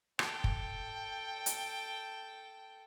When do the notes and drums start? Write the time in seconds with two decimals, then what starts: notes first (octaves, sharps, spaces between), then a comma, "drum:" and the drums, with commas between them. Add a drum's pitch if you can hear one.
0.19 A4 G5, drum: rim click
0.44 drum: kick
1.46 drum: hi-hat